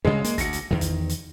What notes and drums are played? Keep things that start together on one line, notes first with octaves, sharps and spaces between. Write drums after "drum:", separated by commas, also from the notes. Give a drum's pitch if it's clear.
D2 G2 C#3 G#3
A#3, drum: hi-hat
D2 A#6 C#7, drum: kick G1, hi-hat
drum: hi-hat
E2 D#3
drum: kick G1, hi-hat
drum: hi-hat